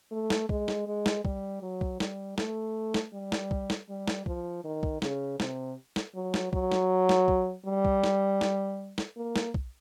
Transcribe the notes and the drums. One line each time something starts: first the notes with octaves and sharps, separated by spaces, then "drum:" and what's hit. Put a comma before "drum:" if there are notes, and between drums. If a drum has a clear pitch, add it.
A3
drum: snare
G#3, drum: kick B1
drum: snare
G#3
drum: snare
G3, drum: kick B1
F#3
drum: kick B1
G3, drum: snare
A3, drum: snare
drum: snare
G3
drum: snare
drum: kick B1
drum: snare
G3
drum: snare
F3, drum: kick B1
D#3
drum: kick B1
C#3, drum: snare
C3, drum: snare
drum: snare
F#3
drum: snare
F#3, drum: kick B1
drum: snare
drum: snare
drum: kick B1
G3
drum: kick B1
drum: snare
drum: snare
drum: snare
A#3
drum: snare
drum: kick B1